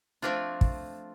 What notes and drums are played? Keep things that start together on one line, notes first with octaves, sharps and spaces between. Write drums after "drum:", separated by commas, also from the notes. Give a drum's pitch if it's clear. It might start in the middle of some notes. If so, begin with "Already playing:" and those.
F3 A3 C4 D4 F4
drum: kick